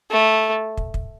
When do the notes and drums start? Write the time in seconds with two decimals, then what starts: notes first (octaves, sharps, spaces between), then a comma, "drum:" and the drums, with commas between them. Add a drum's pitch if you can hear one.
0.11 A3
0.77 drum: kick
0.94 drum: kick